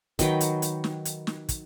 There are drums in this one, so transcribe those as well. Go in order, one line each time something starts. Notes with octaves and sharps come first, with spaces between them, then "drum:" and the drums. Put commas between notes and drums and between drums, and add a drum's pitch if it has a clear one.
D#3 F#3 B4 G5, drum: kick, hi-hat
drum: hi-hat
drum: hi-hat
drum: snare
drum: hi-hat
drum: snare
drum: kick, hi-hat